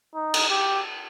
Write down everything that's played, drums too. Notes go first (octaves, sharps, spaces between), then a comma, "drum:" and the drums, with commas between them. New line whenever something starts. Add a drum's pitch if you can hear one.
D#4
drum: cymbal
G4